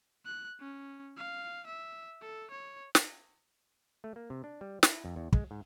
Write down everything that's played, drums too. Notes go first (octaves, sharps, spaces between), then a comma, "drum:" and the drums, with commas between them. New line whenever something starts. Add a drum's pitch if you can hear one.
F#6
C#4
F5
E5
A4
C#5
drum: snare
A3
A#3
C3
D4
G3
E4, drum: snare
F2
E2
G#3, drum: kick
G#2